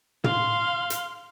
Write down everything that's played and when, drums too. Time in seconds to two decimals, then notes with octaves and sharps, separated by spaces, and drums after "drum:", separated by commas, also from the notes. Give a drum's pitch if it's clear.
0.24 F5 C6, drum: tom
0.90 drum: hi-hat